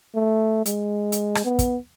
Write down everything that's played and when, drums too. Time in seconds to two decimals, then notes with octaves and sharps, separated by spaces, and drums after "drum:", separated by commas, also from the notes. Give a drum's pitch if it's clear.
0.15 A3
0.66 G#3, drum: hi-hat
1.12 drum: hi-hat
1.35 drum: rim click
1.45 B3
1.59 drum: kick, hi-hat